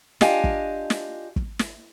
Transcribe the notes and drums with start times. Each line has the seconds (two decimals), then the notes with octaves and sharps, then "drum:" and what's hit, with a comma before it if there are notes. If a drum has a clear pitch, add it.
0.21 D4 F4 G4 D#5 F5 G#5, drum: snare
0.44 drum: kick
0.90 drum: snare
1.36 drum: kick
1.59 drum: snare